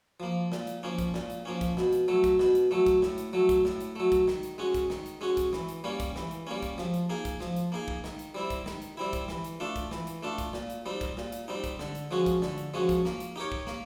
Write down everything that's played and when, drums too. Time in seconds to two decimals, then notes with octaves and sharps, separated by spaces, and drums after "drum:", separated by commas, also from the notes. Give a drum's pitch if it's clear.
0.20 F3 A#3
0.52 A#2, drum: snare
0.67 drum: hi-hat
0.83 F3 A#3 C#4
0.99 drum: kick, hi-hat
1.14 A#2, drum: snare
1.30 drum: hi-hat
1.45 F3 A#3 C#4
1.61 drum: kick, hi-hat
1.77 B2, drum: snare
1.93 drum: hi-hat
2.08 F#3 A3
2.24 drum: kick, hi-hat
2.39 B2, drum: snare
2.55 drum: hi-hat
2.71 F#3 A3
2.86 drum: kick, hi-hat
3.02 A2, drum: snare
3.18 drum: hi-hat
3.33 F#3 A3
3.49 drum: kick, hi-hat
3.65 A2, drum: snare
3.80 drum: hi-hat
3.96 F#3 A3
4.12 drum: kick, hi-hat
4.28 D#3, drum: snare
4.43 drum: hi-hat
4.58 G#3 C#4 F#4
4.74 drum: kick, hi-hat
4.90 D#3, drum: snare
5.06 drum: hi-hat
5.21 G#3 C#4 F#4
5.37 drum: kick, hi-hat
5.53 E3, drum: snare
5.68 drum: hi-hat
5.84 G3 A#3 C#4
6.00 drum: kick, hi-hat
6.16 E3, drum: snare
6.31 drum: hi-hat
6.47 G3 A#3 C#4
6.62 drum: kick, hi-hat
6.78 F3, drum: snare
6.94 drum: hi-hat
7.09 A#3 D#4 G#4
7.25 drum: kick, hi-hat
7.40 F3, drum: snare
7.56 drum: hi-hat
7.72 A#3 D#4 G#4
7.88 drum: kick
8.04 D#3, drum: snare
8.19 drum: hi-hat
8.35 G3 C4 E4
8.50 drum: kick, hi-hat
8.66 D#3, drum: snare
8.82 drum: hi-hat
8.97 G3 C4 E4
9.13 drum: kick, hi-hat
9.28 E3, drum: snare
9.44 drum: hi-hat
9.60 A3 D4 F4
9.76 drum: kick, hi-hat
9.91 E3, drum: snare
10.07 drum: hi-hat
10.23 A3 D4 F4
10.38 drum: kick, hi-hat
10.53 A#2, drum: snare
10.70 drum: hi-hat
10.86 G3 C4 D#4
11.01 drum: kick, hi-hat
11.17 A#2, drum: snare
11.32 drum: hi-hat
11.48 G3 C4 D#4
11.64 drum: kick, hi-hat
11.79 D3, drum: snare
11.95 drum: hi-hat
12.11 F3 G#3 C#4 F#4
12.26 drum: kick, hi-hat
12.42 D3, drum: snare
12.58 drum: hi-hat
12.74 F3 G#3 C#4 F#4
12.89 drum: kick, hi-hat
13.05 A#3, drum: snare
13.20 drum: hi-hat
13.36 D#4 G4 A#4 C#5
13.52 drum: kick
13.67 A#3, drum: snare